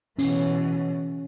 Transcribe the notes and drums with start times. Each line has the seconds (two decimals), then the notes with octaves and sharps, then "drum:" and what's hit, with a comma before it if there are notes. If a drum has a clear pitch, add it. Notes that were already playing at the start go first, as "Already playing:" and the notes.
0.19 B2 E3 C#4, drum: open hi-hat